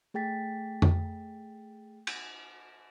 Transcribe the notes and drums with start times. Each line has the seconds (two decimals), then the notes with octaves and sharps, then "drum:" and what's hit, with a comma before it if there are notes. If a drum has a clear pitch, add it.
0.14 A3 G#4 G5 A6 B6
0.82 drum: tom F2
2.07 drum: cymbal